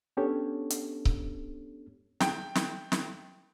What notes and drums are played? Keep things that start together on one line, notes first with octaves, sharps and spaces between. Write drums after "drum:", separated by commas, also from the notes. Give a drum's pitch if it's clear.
B3 C#4 D4 G4 A4 C#5
drum: hi-hat
drum: kick C#1
G5, drum: snare
drum: snare
drum: snare